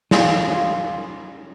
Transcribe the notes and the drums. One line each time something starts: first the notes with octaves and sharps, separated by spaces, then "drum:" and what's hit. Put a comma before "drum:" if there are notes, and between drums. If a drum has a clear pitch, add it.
F4, drum: snare
C#4 F4